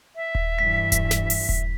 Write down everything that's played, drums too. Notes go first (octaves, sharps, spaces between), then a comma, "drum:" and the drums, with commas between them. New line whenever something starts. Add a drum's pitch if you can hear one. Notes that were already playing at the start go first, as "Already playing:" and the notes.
E5
drum: kick D#1
G2 E3 B6
drum: kick D#1, hi-hat
drum: snare
drum: open hi-hat
drum: kick D#1